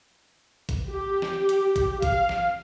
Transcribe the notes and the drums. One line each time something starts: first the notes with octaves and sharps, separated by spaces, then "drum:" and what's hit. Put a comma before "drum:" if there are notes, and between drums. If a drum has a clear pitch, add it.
drum: kick, hi-hat
G4
drum: snare
drum: hi-hat
drum: kick, hi-hat
F5, drum: kick, hi-hat
drum: snare